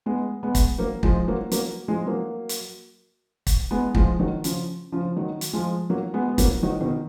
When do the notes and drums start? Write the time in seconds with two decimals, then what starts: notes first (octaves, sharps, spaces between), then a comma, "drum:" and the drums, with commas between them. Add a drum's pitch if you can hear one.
0.06 G#3 B3
0.43 G#3 B3
0.55 drum: kick, hi-hat
0.79 F#3 A#3
1.03 F3 G#3, drum: kick
1.28 F#3 A#3
1.51 F#3 A#3, drum: hi-hat
1.88 F3 G#3
2.06 F#3 A#3
2.49 drum: hi-hat
3.47 drum: kick, hi-hat
3.71 G#3 B3
3.95 F3 G#3, drum: kick
4.19 D#3 F#3
4.44 C#3 F3, drum: hi-hat
4.92 C#3 F3
5.16 D#3 F#3
5.41 drum: hi-hat
5.53 F3 G#3
5.90 F#3 A#3
6.14 G#3 B3
6.28 B3
6.38 F#3 A#3, drum: kick, hi-hat
6.63 D#3 F#3
6.81 B2 D#3